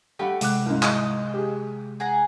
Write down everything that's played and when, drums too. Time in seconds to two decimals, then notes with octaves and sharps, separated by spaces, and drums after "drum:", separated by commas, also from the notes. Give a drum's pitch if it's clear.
0.19 G3 A3 G4 F#5 B5
0.41 C3 G#3 F#5 D6 F#6, drum: hi-hat
0.66 C2 G#2
0.83 D#5, drum: clap
1.34 G4 G#4
2.00 G#4 F#5 A#5